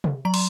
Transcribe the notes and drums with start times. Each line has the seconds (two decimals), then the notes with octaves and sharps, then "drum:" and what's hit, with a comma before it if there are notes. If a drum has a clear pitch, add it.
0.04 drum: tom C3
0.25 F#3 A#5
0.34 C6, drum: cymbal